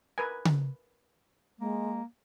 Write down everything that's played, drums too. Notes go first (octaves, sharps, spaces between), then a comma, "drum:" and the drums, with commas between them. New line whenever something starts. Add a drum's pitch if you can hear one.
A#4 B4 G#5
drum: tom C#3
G#3 A#3